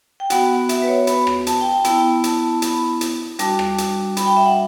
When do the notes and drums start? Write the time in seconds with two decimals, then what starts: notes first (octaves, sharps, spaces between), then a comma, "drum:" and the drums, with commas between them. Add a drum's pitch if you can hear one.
0.20 G5
0.30 B3 F#4 F#5, drum: hi-hat
0.69 E5, drum: hi-hat
0.82 B4
0.88 C#5
1.07 B5, drum: hi-hat
1.27 drum: rim click
1.47 A5, drum: hi-hat
1.61 G5
1.65 A5
1.84 B3 E4 G5, drum: hi-hat
2.24 A5, drum: hi-hat
2.43 A5
2.62 B5, drum: hi-hat
3.01 drum: hi-hat
3.39 G3 D4 F#4 A5, drum: hi-hat
3.59 drum: rim click
3.78 drum: hi-hat
4.17 B5, drum: hi-hat
4.26 G5
4.37 E5
4.46 F#5